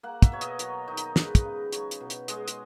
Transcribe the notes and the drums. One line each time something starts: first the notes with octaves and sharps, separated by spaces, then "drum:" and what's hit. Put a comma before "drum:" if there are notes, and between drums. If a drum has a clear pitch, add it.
A#3 F#5
E5, drum: kick, hi-hat
B2 C#5
D#5, drum: hi-hat
F#3 C#5, drum: hi-hat
D#3 D#4
drum: hi-hat
G#3 B4, drum: snare
drum: kick, hi-hat
C#3
F#3 C#5, drum: hi-hat
drum: hi-hat
B2
drum: hi-hat
G#3 D#5, drum: hi-hat
drum: hi-hat